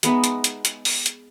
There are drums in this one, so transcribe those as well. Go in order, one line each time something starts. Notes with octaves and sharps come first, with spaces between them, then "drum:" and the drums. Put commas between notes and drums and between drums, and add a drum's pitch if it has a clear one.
G#3 B3 D#4 E5, drum: hi-hat
drum: hi-hat
drum: hi-hat
drum: hi-hat
drum: open hi-hat
drum: hi-hat